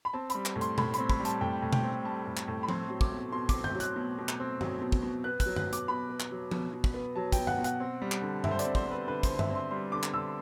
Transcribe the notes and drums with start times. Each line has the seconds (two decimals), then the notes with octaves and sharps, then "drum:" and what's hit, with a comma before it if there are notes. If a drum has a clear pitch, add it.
0.05 B5
0.13 C4 A5
0.30 G3 B5, drum: hi-hat
0.45 drum: clap
0.56 A2
0.61 C6, drum: hi-hat
0.78 A2 B5, drum: tom B2
0.94 C4 B5, drum: hi-hat
1.10 B5, drum: kick
1.20 G3
1.25 A5, drum: hi-hat
1.41 A2 G5
1.62 A2
1.73 G5, drum: tom B2
1.84 C4
2.04 G3 A5
2.27 A2
2.37 drum: clap
2.48 A2
2.63 B5
2.68 C4 C6, drum: tom F3
2.90 F#3
3.01 D6, drum: kick
3.12 B2
3.32 B2 C6
3.49 C4 D6, drum: kick, hi-hat
3.64 G6, drum: tom G2
3.75 F#3
3.80 F#6, drum: hi-hat
3.96 B2
4.19 B2
4.29 drum: clap
4.40 C4
4.61 F#3, drum: tom G2
4.82 B2
4.92 drum: kick
5.02 B2
5.24 B3 F#6
5.40 F#6, drum: kick, hi-hat
5.46 F#3
5.56 F#6, drum: tom G2
5.67 B2
5.73 D6, drum: hi-hat
5.88 B2 B5
6.09 B3
6.20 drum: clap
6.31 F#3
6.51 B2, drum: tom F3
6.74 B2
6.84 drum: kick
6.94 B3
7.16 F#3 A5
7.32 B2 G5, drum: kick, hi-hat
7.47 F#5, drum: tom G2
7.59 B2
7.64 F#5, drum: hi-hat
7.80 C4
8.02 G3
8.12 drum: clap
8.22 D3
8.44 D3 E5, drum: tom G2
8.51 C5
8.59 D5, drum: hi-hat
8.65 C4
8.75 C5, drum: kick
8.86 G3 B4
9.07 D3 B4
9.23 C5, drum: kick, hi-hat
9.29 D3
9.39 E5, drum: tom G2
9.50 C4 C6
9.71 G3 C6
9.92 D3 D6
10.03 drum: clap
10.14 D3 E6